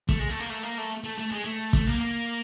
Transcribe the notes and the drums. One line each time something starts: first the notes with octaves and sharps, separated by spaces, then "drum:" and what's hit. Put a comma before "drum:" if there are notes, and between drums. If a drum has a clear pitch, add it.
A3, drum: kick
G#3
A3
A#3
A3
A#3
A3
A3
A3
G#3
A3
A3, drum: kick
A#3
A#3